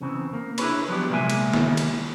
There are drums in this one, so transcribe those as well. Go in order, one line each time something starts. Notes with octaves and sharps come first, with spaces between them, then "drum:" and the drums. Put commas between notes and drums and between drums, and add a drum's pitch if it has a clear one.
E2 C#3 E3 C4
A#3
D4 E4 F#4 G#4 B4 C#5, drum: cymbal
F3 F#3 B3 G4 D5
C2 A#2 G#3 A#3 E5 G#5
drum: cymbal
drum: snare
D#3 G3
drum: cymbal